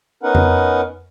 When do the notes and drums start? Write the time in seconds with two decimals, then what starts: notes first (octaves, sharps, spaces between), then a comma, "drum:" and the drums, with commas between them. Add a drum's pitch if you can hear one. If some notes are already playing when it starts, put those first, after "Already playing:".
0.23 B3 C#4 D#4 A#4 B4 F#5
0.35 drum: tom F2